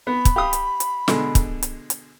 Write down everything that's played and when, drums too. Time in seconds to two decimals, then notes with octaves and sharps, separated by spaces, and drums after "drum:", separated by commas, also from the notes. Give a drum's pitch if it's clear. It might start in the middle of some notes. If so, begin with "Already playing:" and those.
0.07 B3 B5
0.25 drum: kick, hi-hat
0.36 G4 F5 D#6
0.53 drum: hi-hat
0.80 drum: hi-hat
1.08 B2 D3 G#3, drum: snare
1.35 drum: kick, hi-hat
1.63 drum: hi-hat
1.90 drum: hi-hat